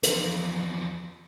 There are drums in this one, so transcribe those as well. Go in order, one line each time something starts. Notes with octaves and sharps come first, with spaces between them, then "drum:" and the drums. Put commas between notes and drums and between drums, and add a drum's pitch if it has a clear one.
E2 F3, drum: hi-hat